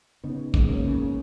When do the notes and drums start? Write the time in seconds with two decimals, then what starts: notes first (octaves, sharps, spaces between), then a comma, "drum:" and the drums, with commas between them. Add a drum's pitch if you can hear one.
0.24 C#3 B3 D#4
0.54 G#3, drum: kick
0.69 A#3 C#4
0.85 C#3